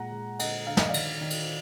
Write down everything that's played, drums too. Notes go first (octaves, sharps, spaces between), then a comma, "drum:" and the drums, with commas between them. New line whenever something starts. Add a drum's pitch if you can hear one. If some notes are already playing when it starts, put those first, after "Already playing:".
Already playing: A#2 G#3 F#5 A#5
G#3
D3 D#5 F#5, drum: cymbal
D3 F5
D#5, drum: snare
D5 F5
D#3, drum: cymbal
D#3
drum: cymbal